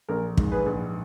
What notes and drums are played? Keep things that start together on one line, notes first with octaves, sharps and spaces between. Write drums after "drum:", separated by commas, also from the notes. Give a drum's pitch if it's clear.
A#1 A#4
G#2, drum: kick
G#4 B4
A#1